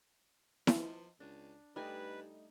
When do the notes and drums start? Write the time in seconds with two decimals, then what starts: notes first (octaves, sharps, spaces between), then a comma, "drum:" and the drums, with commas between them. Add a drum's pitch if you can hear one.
0.67 F3, drum: snare E4
1.20 C#2 D4
1.76 G2 G3 A3 D#4 B4 G#5